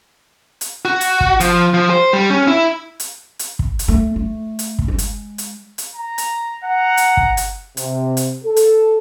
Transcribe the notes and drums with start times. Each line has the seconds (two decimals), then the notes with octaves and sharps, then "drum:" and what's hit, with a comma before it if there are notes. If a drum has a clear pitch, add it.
0.61 drum: hi-hat
0.85 F#4
1.01 drum: hi-hat
1.21 drum: kick
1.40 F3, drum: hi-hat
1.74 F3
1.90 C5
2.13 G3
2.30 C#4
2.48 E4
3.00 drum: hi-hat
3.39 drum: hi-hat
3.59 drum: kick
3.79 drum: hi-hat
3.88 A3
4.16 A3
4.59 drum: hi-hat
4.79 drum: kick
4.88 G#3
4.98 drum: hi-hat
5.38 drum: hi-hat
5.78 drum: hi-hat
5.94 A#5
6.18 drum: hi-hat
6.64 F#5 A#5
6.97 drum: hi-hat
7.17 drum: kick
7.37 drum: hi-hat
7.77 C3, drum: hi-hat
8.17 drum: hi-hat
8.43 A4
8.56 drum: hi-hat